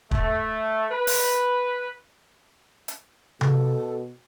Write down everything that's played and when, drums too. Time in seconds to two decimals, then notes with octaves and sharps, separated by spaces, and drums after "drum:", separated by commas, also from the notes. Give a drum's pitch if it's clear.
0.11 A3, drum: kick
0.91 B4
1.07 drum: open hi-hat
2.88 drum: hi-hat
3.41 B2 A4, drum: tom C3